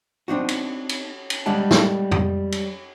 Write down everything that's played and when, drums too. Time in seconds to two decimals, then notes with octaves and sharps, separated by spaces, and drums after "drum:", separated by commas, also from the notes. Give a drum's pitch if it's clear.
0.28 C4 D4 D#4 F#4
0.48 drum: cymbal
0.89 drum: cymbal
1.30 drum: cymbal
1.46 G3 G#3 D4 F#5 A5
1.71 drum: snare
2.12 drum: tom
2.52 drum: cymbal